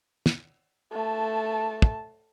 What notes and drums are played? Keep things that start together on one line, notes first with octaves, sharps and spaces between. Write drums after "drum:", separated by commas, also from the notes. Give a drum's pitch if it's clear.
drum: snare
A3 A5
drum: kick